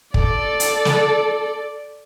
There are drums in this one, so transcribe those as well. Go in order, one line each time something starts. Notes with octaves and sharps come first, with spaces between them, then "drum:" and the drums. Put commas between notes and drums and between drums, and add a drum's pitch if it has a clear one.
A4 D5, drum: kick
drum: hi-hat
drum: snare